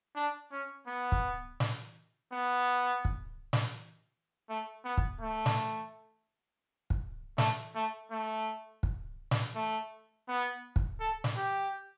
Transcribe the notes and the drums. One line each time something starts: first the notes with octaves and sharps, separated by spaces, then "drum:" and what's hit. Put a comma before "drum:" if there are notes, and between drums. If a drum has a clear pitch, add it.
D4
C#4
B3
drum: kick
drum: snare
B3
drum: kick
drum: snare
A3
B3
drum: kick
A3
drum: snare
drum: kick
A3, drum: snare
A3
A3
drum: kick
drum: snare
A3
B3
drum: kick
A4
drum: snare
G4